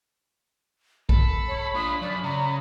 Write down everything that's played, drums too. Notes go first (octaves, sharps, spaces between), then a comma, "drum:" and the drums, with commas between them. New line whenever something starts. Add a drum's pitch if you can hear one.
A4 B5, drum: kick A#1
C#5
D4 F4 D#6
F#2 D5
C#3 A#5